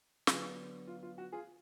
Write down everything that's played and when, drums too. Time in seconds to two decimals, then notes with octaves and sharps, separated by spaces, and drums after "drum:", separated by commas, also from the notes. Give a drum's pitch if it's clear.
0.27 D3 F#3 B3 F4 G#4, drum: snare
0.87 F4
1.03 F4
1.18 F#4
1.32 F4 G#4